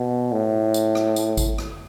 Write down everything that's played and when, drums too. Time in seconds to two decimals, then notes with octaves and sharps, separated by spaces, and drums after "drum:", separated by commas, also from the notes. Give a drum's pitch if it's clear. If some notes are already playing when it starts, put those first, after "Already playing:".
Already playing: B2
0.32 A2
0.74 drum: tambourine
0.95 drum: rim click
1.16 drum: tambourine
1.37 drum: kick G#1, tambourine
1.58 drum: rim click